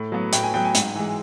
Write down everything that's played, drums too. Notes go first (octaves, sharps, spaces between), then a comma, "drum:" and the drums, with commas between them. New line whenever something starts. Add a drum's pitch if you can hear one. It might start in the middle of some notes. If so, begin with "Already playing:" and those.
Already playing: A2
F#3 B3
A2 G5, drum: hi-hat
G#5
F#3 B3 G5
G#5
G#2, drum: hi-hat
E3 G#3